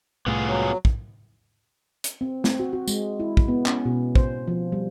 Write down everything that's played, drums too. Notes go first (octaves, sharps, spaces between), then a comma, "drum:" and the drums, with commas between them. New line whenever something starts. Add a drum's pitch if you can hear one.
C2 A2 A3 B3 F4 G#4
F#3
drum: kick
drum: hi-hat
C4
C4, drum: snare
F#4
F#4
G#3, drum: tambourine
E4
drum: kick
B3
C#4, drum: clap
B2
C5, drum: kick
F3
G3